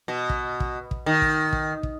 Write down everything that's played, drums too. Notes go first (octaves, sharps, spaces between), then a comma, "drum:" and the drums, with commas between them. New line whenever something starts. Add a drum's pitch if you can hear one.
B2
drum: kick
drum: kick
drum: kick
D#3
drum: kick
drum: kick
drum: kick